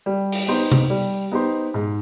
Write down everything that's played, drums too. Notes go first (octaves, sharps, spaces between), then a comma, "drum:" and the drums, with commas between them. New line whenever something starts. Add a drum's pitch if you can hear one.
G3
drum: open hi-hat
B3 D#4 G4 C5
drum: tom C3
G3
B3 D#4 G4 C5
G#2